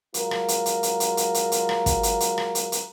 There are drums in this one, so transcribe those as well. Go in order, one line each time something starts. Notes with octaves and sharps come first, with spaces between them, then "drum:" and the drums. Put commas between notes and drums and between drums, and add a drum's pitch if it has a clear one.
F#3 G#3 F4 A#4, drum: hi-hat
drum: rim click
drum: hi-hat
drum: hi-hat
drum: hi-hat
drum: hi-hat
drum: hi-hat
drum: hi-hat
drum: hi-hat
drum: rim click
drum: kick, hi-hat
drum: hi-hat
drum: hi-hat
drum: rim click
drum: hi-hat
drum: hi-hat